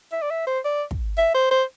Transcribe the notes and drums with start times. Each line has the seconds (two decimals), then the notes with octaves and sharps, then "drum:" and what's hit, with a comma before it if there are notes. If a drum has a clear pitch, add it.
0.12 E5
0.22 D5
0.31 E5
0.47 C5
0.65 D5
0.91 drum: kick
1.17 E5
1.34 C5
1.51 C5